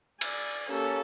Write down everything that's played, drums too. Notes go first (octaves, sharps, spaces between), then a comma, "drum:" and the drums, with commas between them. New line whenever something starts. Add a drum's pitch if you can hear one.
D5 G#5, drum: cymbal
A#3 C#4 G4 A4